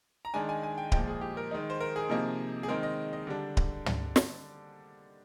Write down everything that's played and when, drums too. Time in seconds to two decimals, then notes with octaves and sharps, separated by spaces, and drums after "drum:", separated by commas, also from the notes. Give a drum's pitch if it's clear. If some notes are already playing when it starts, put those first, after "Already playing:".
0.25 A#5
0.34 D#3 G#3 D4 G#5
0.49 G#5
0.63 G#5
0.78 G5
0.92 A#2 F3 G#3 G5, drum: kick D1
1.07 G#4
1.21 G4
1.37 A#4
1.51 D#3 G#3 D#4
1.70 C5
1.80 A#4
1.96 G#4
2.09 C3 F3 A#3 D#4
2.63 G#4
2.68 D#3 G#3 C4 A#4
2.83 D#5
3.13 D#5
3.27 D3 G3 D4
3.57 drum: kick D1
3.86 drum: tom
4.16 drum: snare